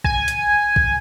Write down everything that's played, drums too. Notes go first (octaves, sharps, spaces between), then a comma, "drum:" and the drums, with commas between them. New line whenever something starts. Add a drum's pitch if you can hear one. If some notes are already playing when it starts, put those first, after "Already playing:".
G#5, drum: kick A#1
drum: hi-hat
drum: kick A#1